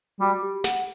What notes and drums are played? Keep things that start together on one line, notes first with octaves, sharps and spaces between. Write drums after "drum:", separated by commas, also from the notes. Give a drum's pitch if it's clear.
G3 F#4
G4
F#5, drum: snare